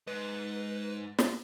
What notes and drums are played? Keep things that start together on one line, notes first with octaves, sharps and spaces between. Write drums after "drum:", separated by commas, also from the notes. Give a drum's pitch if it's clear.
G#2 B4
drum: snare